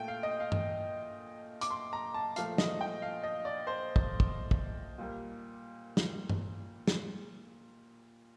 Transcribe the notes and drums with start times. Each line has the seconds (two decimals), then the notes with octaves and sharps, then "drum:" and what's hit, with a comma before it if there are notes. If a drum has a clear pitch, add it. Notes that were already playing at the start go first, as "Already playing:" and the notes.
Already playing: A#2 A3 G5
0.08 F5
0.23 D#5
0.40 F5
0.52 drum: tom G2
1.61 D6, drum: hi-hat
1.71 C6
1.93 A#5
2.14 A5
2.36 A#2 F3 A3 F5, drum: hi-hat
2.58 D#5, drum: snare
2.81 G5
3.02 F5
3.24 D#5
3.45 D5
3.67 C5
3.96 drum: kick
4.20 drum: kick
4.51 drum: kick
4.98 A#2 G3 A#3
5.97 drum: snare
6.30 drum: tom G2
6.88 drum: snare